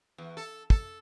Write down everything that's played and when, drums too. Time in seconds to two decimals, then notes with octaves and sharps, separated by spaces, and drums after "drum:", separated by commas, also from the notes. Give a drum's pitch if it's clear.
0.18 E2
0.37 A4
0.70 A4, drum: kick